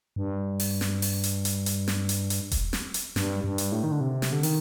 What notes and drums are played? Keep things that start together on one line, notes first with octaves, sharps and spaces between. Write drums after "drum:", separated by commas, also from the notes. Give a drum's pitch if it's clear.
G2
drum: open hi-hat
drum: snare
drum: open hi-hat
drum: hi-hat
drum: hi-hat
drum: hi-hat
drum: snare
drum: hi-hat
drum: hi-hat
drum: kick E1, hi-hat
drum: snare
drum: hi-hat
G2, drum: snare
G2
drum: hi-hat
A2
D#3
D3
C3
drum: snare
D3
D#3, drum: open hi-hat